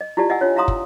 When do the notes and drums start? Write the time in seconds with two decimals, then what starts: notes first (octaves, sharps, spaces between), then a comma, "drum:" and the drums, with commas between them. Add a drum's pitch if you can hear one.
0.01 D#5
0.17 E4 F4 G4 D5 A5
0.30 D#5 E5 F#5 G#5 E6
0.41 D4 F4 C#5
0.56 E4 E5 F5 A#5 C6 D#6
0.68 E6, drum: kick